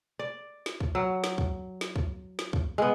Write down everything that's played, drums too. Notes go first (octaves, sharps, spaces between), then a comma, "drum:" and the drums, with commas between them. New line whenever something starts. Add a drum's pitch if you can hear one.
D5
drum: snare
drum: kick
F#3
drum: snare
drum: kick
drum: snare
drum: kick
drum: snare
drum: kick
G#3 B3